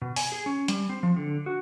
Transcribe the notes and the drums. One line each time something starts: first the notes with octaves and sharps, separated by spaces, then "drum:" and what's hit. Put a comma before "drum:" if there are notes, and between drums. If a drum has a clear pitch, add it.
B2
G#5, drum: open hi-hat
G#4
C#4
G3, drum: hi-hat
C4
F3
D3
F#4